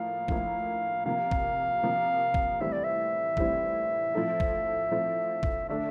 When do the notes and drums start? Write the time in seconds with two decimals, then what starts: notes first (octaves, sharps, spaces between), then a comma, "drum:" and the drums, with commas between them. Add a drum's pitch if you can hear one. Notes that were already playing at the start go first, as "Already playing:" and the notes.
Already playing: A2 F3 A#3 E4 F5
0.28 A2 F3 A#3 E4, drum: kick
1.05 C3 F3 A#3 F5
1.31 drum: kick
1.83 C3 F3 A#3
2.34 drum: kick
2.60 A2 E3 G3 C4 E4 E5
2.72 D5
2.84 E5
3.37 A2 E3 G3 C4 E4, drum: kick
4.15 A2 F3 C4 E4 A4
4.40 drum: kick
4.91 A2 F3 C4 E4 A4
5.43 drum: kick
5.69 D3 A3 D4 A4 E5